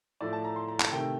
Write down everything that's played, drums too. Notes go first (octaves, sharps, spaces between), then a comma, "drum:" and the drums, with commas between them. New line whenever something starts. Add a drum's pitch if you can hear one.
A2 F3 A3 D5
A5
A#5
C6
A#5
A5, drum: clap
C3 D#3 A3 G5